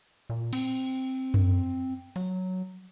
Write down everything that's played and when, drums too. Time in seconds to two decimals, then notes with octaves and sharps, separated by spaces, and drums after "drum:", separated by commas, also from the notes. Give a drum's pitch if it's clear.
0.30 A#2
0.53 C4, drum: cymbal
1.34 drum: tom F#2
2.16 F#3, drum: open hi-hat